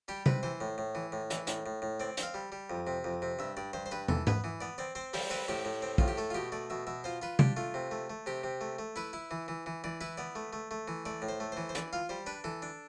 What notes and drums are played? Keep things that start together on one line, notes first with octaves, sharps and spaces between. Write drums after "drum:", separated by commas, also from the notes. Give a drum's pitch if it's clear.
G3 G4
C3 B4, drum: tom C3
E3 C5
A2
A2
E3
A2
E3, drum: hi-hat
A2, drum: hi-hat
A2
A2
C4 D5
C4, drum: hi-hat
F5
G3
G3
F2
C3
F2
C3
G2 E5
G2 D5
G2 C5
C5
G2 B4
E3 A4, drum: tom
B3 B4, drum: tom G#2
E3
B3 D5
C4 D5
C4 C5
G3 C5, drum: open hi-hat
C4 B4
A2 G4
A2
C4
A2 F4, drum: kick
G4
A3 A4
F4
B2 G4
A3 D5
B2 E5
B2 E5
F4 C5
F4 B4
D4 G4, drum: tom C3
A3 F4
C3
A3
A3
C3 G4
C3
A3
A3
E4 B4
E4
E3
E3
E3
E3 D5
E4 B4
B3 D5
A3
A3
A3
E3
A3 D5
A2
C5
A3
E3 C5
C5
E3 D5, drum: hi-hat
F4 F5
G3 C5
D4 B4
E3 A4
D4